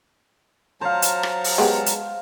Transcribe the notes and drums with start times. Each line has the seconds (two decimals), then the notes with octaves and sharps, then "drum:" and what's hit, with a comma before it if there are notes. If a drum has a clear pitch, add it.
0.81 F#3 C5 F5 A5 A#5
1.02 drum: hi-hat
1.23 drum: rim click
1.44 drum: open hi-hat
1.58 G#3 B3 G4
1.86 drum: hi-hat